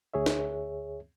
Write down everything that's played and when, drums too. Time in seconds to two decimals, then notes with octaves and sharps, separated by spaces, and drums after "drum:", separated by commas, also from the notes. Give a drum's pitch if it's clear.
0.14 D2 G#4 C#5 E5
0.26 drum: snare